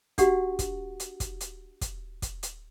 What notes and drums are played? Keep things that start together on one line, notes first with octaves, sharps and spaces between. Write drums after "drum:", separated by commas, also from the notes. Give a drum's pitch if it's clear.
D4 F#4 G4 F#5, drum: kick, hi-hat
drum: kick, hi-hat
drum: hi-hat
drum: kick, hi-hat
drum: hi-hat
drum: kick, hi-hat
drum: kick, hi-hat
drum: hi-hat